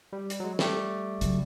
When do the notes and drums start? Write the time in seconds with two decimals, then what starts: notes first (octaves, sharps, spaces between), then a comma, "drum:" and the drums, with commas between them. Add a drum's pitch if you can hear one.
0.13 G3
0.30 drum: hi-hat
0.40 F#3 G#3
0.59 G3 A3 G4, drum: snare
1.21 C#3 F#3, drum: hi-hat